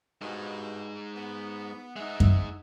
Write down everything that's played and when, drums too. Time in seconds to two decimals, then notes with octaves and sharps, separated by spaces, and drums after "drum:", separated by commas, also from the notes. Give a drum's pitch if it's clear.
0.22 G2 B2 G3 G#3 D#4
1.16 B3
1.96 G#3 D#4 E5 F#5
2.20 drum: kick F#2